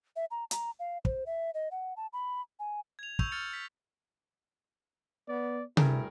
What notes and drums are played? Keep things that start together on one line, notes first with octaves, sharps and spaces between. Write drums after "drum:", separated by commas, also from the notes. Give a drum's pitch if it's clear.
E5
A#5
A#5, drum: hi-hat
F5
C5, drum: kick
E5
D#5
F#5
A5
B5
G#5
G#6 F7
C#6 E6 G6 F7, drum: kick
F6 A6 C#7
B6
B3 D5
D2 G2 E4 G#4 A#4, drum: tom C3